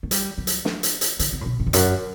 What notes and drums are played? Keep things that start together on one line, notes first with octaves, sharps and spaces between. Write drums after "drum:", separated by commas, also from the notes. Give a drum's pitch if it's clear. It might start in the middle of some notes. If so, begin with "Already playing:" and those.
A3
G3, drum: hi-hat
F#3
drum: hi-hat
drum: snare
drum: hi-hat
drum: hi-hat
D3, drum: hi-hat
C#3
A2
B2
G2
E2
F#2, drum: hi-hat